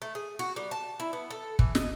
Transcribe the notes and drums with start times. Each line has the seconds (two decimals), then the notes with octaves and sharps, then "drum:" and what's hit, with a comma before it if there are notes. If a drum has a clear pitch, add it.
0.02 A3
0.15 G#4
0.39 F#4
0.56 G3
0.71 A5
1.00 E4
1.13 B3
1.30 A4
1.59 E3, drum: kick
1.75 D#5, drum: snare